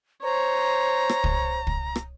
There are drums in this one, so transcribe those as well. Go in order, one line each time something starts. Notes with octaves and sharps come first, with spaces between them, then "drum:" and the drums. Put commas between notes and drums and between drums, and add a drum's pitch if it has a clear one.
C5 C#5 A#5
drum: rim click
drum: kick
drum: kick
drum: rim click